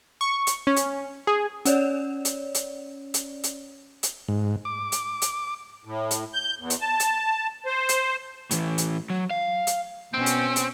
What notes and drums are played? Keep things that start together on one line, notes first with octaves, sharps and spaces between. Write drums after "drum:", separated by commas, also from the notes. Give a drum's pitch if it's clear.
C#6
drum: hi-hat
C#4
drum: hi-hat
G#4
C#4 C#5 D5, drum: hi-hat
drum: hi-hat
drum: hi-hat
drum: hi-hat
drum: hi-hat
drum: hi-hat
G#2
D6
drum: hi-hat
drum: hi-hat
A2
drum: hi-hat
G6
E2
drum: hi-hat
A5
drum: hi-hat
C5
drum: hi-hat
A2 E3, drum: hi-hat
drum: hi-hat
F#3
F5
drum: hi-hat
B2 C4 C#4
drum: hi-hat
drum: hi-hat